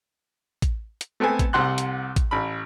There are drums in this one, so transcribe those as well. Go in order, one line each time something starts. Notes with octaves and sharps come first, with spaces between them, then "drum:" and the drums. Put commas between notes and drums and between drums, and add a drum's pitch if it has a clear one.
drum: kick A1, hi-hat
drum: hi-hat
A3 B3 C4 A4 G#5
drum: kick A1, hi-hat
C2 C3 F#5 C6 F#6
drum: hi-hat
drum: kick A1, hi-hat
A1 B5